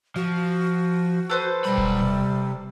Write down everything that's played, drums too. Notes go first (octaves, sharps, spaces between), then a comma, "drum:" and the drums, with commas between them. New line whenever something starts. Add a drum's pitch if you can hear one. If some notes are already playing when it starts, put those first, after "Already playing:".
F3 F#4
A4 B4 C5
B1 G3 B5
drum: kick D#1
C3